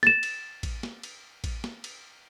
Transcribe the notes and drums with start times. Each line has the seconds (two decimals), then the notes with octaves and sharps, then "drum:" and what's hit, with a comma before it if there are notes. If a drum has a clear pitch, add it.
0.03 A6 E7, drum: snare
0.23 drum: cymbal
0.63 drum: kick A1, cymbal
0.83 drum: snare
1.03 drum: cymbal
1.44 drum: kick A1, cymbal
1.64 drum: snare
1.84 drum: cymbal